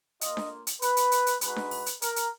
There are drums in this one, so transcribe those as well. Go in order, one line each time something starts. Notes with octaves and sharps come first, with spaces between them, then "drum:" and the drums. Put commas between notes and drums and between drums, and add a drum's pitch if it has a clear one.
A#3 F4 D#5, drum: hi-hat
drum: snare D4
drum: hi-hat
B4, drum: hi-hat
drum: hi-hat
drum: hi-hat
drum: hi-hat
G#3 D#4 F#4 B4, drum: hi-hat
drum: snare D4
drum: open hi-hat
drum: hi-hat
A#4, drum: hi-hat
drum: hi-hat